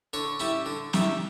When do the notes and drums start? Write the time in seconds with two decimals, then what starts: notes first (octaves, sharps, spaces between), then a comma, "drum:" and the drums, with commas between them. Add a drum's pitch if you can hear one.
0.13 D3 C#5
0.40 G3 C#4 E4
0.66 D3
0.93 G3 C#4 E4, drum: snare